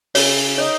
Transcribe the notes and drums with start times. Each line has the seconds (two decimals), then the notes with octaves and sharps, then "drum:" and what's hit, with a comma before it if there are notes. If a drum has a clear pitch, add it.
0.15 C#3 C#5, drum: open hi-hat
0.58 D#4 C#5